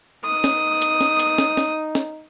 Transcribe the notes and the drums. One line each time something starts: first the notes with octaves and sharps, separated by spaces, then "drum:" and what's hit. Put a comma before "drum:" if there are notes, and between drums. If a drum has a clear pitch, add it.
D#4 D#6
drum: snare
drum: hi-hat
drum: snare
drum: hi-hat
drum: snare
drum: snare
drum: snare